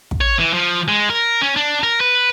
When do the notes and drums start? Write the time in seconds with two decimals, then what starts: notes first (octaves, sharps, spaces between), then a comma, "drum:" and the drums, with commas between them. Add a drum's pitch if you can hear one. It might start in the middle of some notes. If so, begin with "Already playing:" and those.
0.11 drum: kick
0.21 C#5
0.39 E3
0.53 F3
0.88 G#3
1.10 A#4
1.42 C#4
1.56 D4
1.83 A#4
2.01 B4